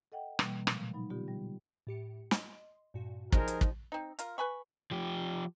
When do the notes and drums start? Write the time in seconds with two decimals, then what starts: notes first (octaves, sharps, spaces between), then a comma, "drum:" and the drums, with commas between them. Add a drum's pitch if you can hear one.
0.12 A4 D#5 F#5 G5
0.39 B2 E3 G3 A#3, drum: rim click
0.67 A#2 C#3 F3 G#3, drum: rim click
0.93 F#3 D#4 B5
1.10 B2 D3 B3 F4 G4
1.28 G3
1.87 A2 G4 C#7
2.31 D#5 C6, drum: snare
2.94 G2 A#2 F#4
3.32 F3 D#4 G4 G#4 A#4 C5 G5, drum: kick
3.48 drum: hi-hat
3.61 drum: kick
3.92 C4 D#4
4.19 F4 A#4, drum: hi-hat
4.38 B4 G#5 B5 C#6
4.91 F3 G4